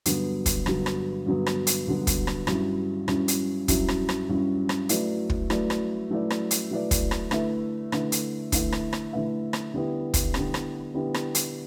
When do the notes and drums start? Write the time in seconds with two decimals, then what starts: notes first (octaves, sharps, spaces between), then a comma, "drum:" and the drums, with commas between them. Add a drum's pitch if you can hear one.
0.06 G2 D3 F#3 B3, drum: hi-hat
0.46 drum: kick, hi-hat
0.66 G2 D3 F#3 B3, drum: rim click
0.86 drum: rim click
1.26 G2 D3 F#3 B3
1.46 drum: rim click
1.67 drum: hi-hat
1.87 G2 D3 F#3 B3
2.07 drum: kick, hi-hat
2.27 drum: rim click
2.47 G2 F#3 C#4 E4, drum: rim click
3.08 G2 F#3 C#4 E4, drum: rim click
3.28 drum: hi-hat
3.68 G2 F#3 C#4 E4, drum: kick, hi-hat
3.88 drum: rim click
4.09 drum: rim click
4.29 G2 F#3 C#4 E4
4.69 drum: rim click
4.89 F#3 A3 E4 B4 D5, drum: hi-hat
5.30 drum: kick
5.50 F#3 A3 E4 B4 D5, drum: rim click
5.70 drum: rim click
6.10 F#3 A3 E4 B4 D5
6.30 drum: rim click
6.51 drum: hi-hat
6.71 F#3 A3 E4 B4 D5
6.91 drum: kick, hi-hat
7.11 drum: rim click
7.31 D3 A3 E4 B4 E5, drum: rim click
7.92 D3 A3 E4 B4 E5, drum: rim click
8.12 drum: hi-hat
8.52 D3 A3 E4 B4 E5, drum: kick, hi-hat
8.72 drum: rim click
8.93 drum: rim click
9.13 D3 A3 E4 B4 E5
9.53 drum: rim click
9.73 D3 G3 B3 E4
10.14 drum: kick, hi-hat
10.34 D3 G3 B3 E4, drum: rim click
10.54 drum: rim click
10.94 D3 G3 B3 E4
11.14 drum: rim click
11.35 drum: hi-hat